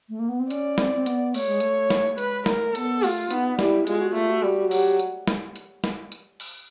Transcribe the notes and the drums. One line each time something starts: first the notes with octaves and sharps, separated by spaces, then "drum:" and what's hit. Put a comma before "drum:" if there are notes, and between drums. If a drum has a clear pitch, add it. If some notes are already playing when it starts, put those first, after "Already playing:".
A3
A#3
B3
C4
C#4 D5, drum: hi-hat
C4, drum: snare
C4
B3, drum: hi-hat
A3 C#5, drum: open hi-hat
G#3
A3, drum: hi-hat
drum: snare
A3
G#3 B4, drum: hi-hat
A3 A#4, drum: snare
B3 A4, drum: hi-hat
A3 F4, drum: open hi-hat
B3 D#4, drum: hi-hat
G3 E4, drum: snare
G#3 F4, drum: hi-hat
F#4
A3 F4
F#4
G3
F#3 G4, drum: open hi-hat
drum: hi-hat
drum: snare
drum: hi-hat
drum: snare
drum: hi-hat
drum: open hi-hat